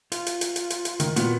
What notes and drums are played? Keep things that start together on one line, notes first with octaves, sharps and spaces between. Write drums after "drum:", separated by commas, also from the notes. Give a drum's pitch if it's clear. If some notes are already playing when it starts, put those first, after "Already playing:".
F4, drum: hi-hat
drum: hi-hat
drum: hi-hat
drum: hi-hat
drum: hi-hat
drum: hi-hat
D#3, drum: hi-hat
A#2 B3 F#4, drum: hi-hat